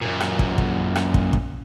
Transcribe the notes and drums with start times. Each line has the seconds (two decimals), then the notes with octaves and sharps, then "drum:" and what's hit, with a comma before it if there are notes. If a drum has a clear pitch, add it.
0.02 F#2 A#2
0.20 drum: rim click
0.39 drum: kick
0.58 drum: kick
0.95 drum: rim click
1.14 drum: kick
1.33 drum: kick